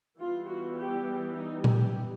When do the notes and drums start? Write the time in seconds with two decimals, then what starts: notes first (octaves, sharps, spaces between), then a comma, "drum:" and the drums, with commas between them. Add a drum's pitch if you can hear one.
0.19 E3 G3 B3 F4
0.48 F#4
0.77 G4
1.35 D#4
1.64 G4, drum: tom A#2